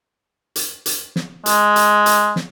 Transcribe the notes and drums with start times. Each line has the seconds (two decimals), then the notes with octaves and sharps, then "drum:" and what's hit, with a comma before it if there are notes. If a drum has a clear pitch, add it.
0.56 drum: hi-hat
0.86 drum: hi-hat
1.16 drum: snare
1.46 G#3, drum: hi-hat
1.76 drum: hi-hat
2.06 drum: hi-hat
2.36 drum: snare